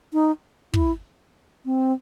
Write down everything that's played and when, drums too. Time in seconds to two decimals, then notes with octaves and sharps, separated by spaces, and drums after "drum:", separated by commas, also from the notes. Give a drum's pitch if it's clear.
0.13 D#4
0.74 E4, drum: kick
1.66 C4